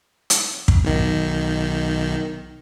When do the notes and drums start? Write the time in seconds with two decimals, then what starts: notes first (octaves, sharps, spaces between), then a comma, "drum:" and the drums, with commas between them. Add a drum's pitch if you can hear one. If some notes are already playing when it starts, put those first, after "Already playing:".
0.30 drum: hi-hat
0.68 drum: kick
0.85 B1 D#3